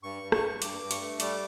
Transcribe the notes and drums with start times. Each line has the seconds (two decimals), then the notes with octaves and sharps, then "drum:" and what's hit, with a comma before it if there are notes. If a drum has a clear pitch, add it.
0.03 G2 C#6
0.23 G2
0.32 C#6, drum: rim click
0.43 G2
0.62 G2 D6, drum: hi-hat
0.81 G2
0.91 C#6, drum: hi-hat
1.01 A3
1.20 G3 D6, drum: hi-hat